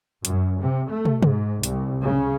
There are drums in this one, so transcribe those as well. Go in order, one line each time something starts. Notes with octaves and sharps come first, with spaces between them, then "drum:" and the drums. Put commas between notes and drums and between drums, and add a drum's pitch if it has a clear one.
F#2, drum: hi-hat
C3
A3
drum: tom
G#2, drum: tom
C2, drum: hi-hat
C#3